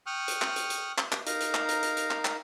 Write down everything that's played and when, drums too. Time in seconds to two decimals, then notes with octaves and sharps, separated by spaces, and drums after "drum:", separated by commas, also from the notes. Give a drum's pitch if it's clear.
0.06 G5 C#6 D#6 F6 F#6
0.28 drum: hi-hat
0.42 drum: clap
0.56 drum: hi-hat
0.70 drum: hi-hat
0.98 drum: clap
1.12 drum: clap
1.26 D#4 A#4 F5 A#5, drum: hi-hat
1.40 drum: hi-hat
1.54 drum: clap
1.69 drum: hi-hat
1.83 drum: hi-hat
1.97 drum: hi-hat
2.11 drum: clap
2.25 drum: clap